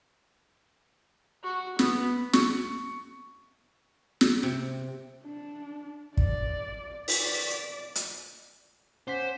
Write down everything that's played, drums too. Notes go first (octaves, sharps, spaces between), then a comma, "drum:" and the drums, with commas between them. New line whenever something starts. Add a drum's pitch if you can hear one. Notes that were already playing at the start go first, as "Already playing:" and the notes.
F#4
B3, drum: snare
C#6, drum: snare
drum: snare
C3
D4
D5, drum: kick
D5, drum: open hi-hat
drum: hi-hat
C#4 C5 F#5 B6